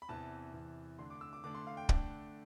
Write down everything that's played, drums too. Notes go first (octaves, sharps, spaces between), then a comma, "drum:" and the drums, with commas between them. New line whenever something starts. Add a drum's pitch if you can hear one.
B5
E2 C3 E3 A5
E2 C3 E3
D3 A3 D4 C6
D6
E6
D6
D3 A3 D4 D6
C6
F5
G5
D3 A3 D4, drum: kick